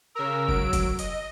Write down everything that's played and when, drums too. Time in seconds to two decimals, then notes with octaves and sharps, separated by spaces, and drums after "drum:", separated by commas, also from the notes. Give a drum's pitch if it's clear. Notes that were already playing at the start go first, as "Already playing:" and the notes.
0.15 C#3 A#4 E6
0.49 F#3 D7, drum: kick
0.73 drum: kick, hi-hat
0.99 D#5, drum: hi-hat